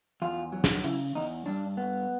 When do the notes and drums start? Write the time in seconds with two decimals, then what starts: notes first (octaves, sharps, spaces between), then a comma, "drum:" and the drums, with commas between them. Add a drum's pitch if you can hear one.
0.22 E2 F4
0.52 F#3
0.64 drum: snare
0.84 C#3 E4, drum: open hi-hat
1.15 E2 D#4
1.46 G2 D4
1.77 B3